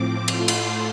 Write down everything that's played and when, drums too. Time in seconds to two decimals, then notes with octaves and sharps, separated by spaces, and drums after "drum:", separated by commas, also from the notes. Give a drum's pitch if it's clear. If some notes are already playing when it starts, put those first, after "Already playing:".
Already playing: A2 F3 C4 D6
0.28 A2 A3 F4 C6, drum: cymbal
0.48 drum: cymbal